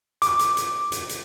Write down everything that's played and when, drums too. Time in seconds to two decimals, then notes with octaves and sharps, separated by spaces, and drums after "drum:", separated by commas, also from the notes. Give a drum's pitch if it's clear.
0.22 D6, drum: hi-hat
0.39 drum: hi-hat
0.57 drum: hi-hat
0.92 drum: hi-hat
1.09 drum: hi-hat